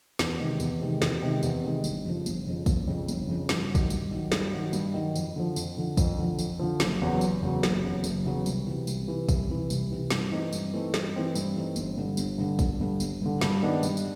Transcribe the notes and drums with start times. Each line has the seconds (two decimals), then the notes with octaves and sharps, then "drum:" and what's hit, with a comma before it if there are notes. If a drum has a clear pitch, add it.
0.19 E2, drum: snare
0.40 C3 D#3 G#3
0.60 E2, drum: tambourine
0.81 C3 D#3 G#3
1.02 E2, drum: snare
1.22 C3 D#3 G#3
1.43 E2, drum: tambourine
1.64 C3 D#3 G#3
1.84 G1, drum: tambourine
2.05 F2 C#3 F3
2.26 G1, drum: tambourine
2.47 F2 C#3 F3
2.66 G1, drum: kick, tambourine
2.88 F2 C#3 F3
3.08 G1, drum: tambourine
3.28 F2 C#3 F3
3.49 G2, drum: snare
3.70 F#3
3.75 D#3, drum: kick, tambourine
3.90 G2, drum: tambourine
4.11 D#3 F#3
4.32 G2, drum: snare
4.52 D#3 F#3
4.73 G2, drum: tambourine
4.94 D#3 F#3
5.16 F2, drum: tambourine
5.36 D3 F3
5.56 F2, drum: tambourine
5.77 D3 F3
5.97 F2, drum: kick, tambourine
6.18 D3 F3
6.39 F2, drum: tambourine
6.59 D3 F3
6.80 F#1, drum: snare
7.02 E2 C#3 F#3
7.21 F#1, drum: tambourine
7.42 E2 C#3 F#3
7.63 F#1, drum: snare
7.83 E2 C#3 F#3
8.04 F#1, drum: tambourine
8.25 E2 C#3 F#3
8.46 C2, drum: tambourine
8.67 C3 E3
8.87 C2, drum: tambourine
9.07 C3 E3
9.29 C2, drum: kick, tambourine
9.49 C3 E3
9.70 C2, drum: tambourine
9.91 C3 E3
10.11 G2, drum: snare
10.31 E3 A3 C4 D#4
10.53 G2, drum: tambourine
10.73 E3 A3 C4 D#4
10.94 G2, drum: snare
11.14 E3 A3 C4 D#4
11.35 G2, drum: tambourine
11.56 E3 A3 C4 D#4
11.76 G1, drum: tambourine
11.98 G2 D3
12.17 G1, drum: tambourine
12.38 G2 D3
12.59 G1, drum: kick, tambourine
12.80 G2 D3
13.00 G1, drum: tambourine
13.22 G2 D3
13.41 G2, drum: snare
13.63 D#3 G#3 B3 D4
13.83 G2, drum: tambourine
13.97 drum: tambourine